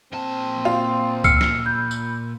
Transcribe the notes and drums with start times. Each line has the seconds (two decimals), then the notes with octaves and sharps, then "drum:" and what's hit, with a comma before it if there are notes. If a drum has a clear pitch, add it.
0.13 A#2 C4 A5
0.65 F4
1.24 E6 F6 C7 C#7, drum: kick C#2, tambourine
1.41 drum: snare
1.66 B5 G6
1.91 drum: tambourine